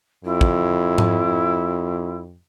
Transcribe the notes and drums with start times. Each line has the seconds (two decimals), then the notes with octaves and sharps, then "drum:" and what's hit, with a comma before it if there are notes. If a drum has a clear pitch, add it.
0.24 F2 E4
0.41 drum: kick
0.98 drum: tom G#2